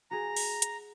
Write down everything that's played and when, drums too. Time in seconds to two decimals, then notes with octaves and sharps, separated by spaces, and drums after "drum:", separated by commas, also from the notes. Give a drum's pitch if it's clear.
0.11 F#4 G#4 A#5
0.36 drum: open hi-hat
0.62 drum: hi-hat